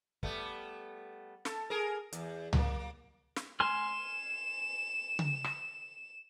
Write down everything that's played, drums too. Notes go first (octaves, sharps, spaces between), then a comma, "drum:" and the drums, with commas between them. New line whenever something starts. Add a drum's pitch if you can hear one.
G3 A3 B3, drum: kick
A4, drum: snare
G#4 A#4
E2, drum: hi-hat
F#3 A#3, drum: tom C#2
drum: snare
G#5 C6 F6 E7
drum: tom C#3
drum: rim click